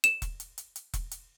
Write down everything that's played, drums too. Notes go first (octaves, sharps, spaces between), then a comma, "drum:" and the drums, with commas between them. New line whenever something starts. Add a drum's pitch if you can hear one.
E7, drum: hi-hat
drum: kick E1, hi-hat
drum: hi-hat
drum: hi-hat
drum: hi-hat
drum: kick E1, hi-hat
drum: hi-hat